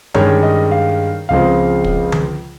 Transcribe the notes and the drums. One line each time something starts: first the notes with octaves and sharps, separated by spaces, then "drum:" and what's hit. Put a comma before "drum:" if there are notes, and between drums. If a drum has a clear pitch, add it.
G2 D#3 G#3 C#4 C#5, drum: tom D3
D#5
F5
C#2 C#3 F3 G#3 C4 F5
drum: kick
drum: tom D3